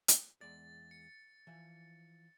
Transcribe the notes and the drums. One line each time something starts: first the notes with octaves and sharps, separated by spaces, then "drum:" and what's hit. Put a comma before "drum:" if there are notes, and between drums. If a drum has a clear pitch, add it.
drum: hi-hat
E2 G#3 D5 A6
C#7
E3 F3 G#5